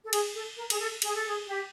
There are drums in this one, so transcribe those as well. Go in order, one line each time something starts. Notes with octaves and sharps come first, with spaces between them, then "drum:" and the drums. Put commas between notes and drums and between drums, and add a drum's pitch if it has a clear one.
A4
G#4, drum: cymbal
A4
A#4
G#4, drum: cymbal
A4
G#4, drum: cymbal
A4
G#4
G4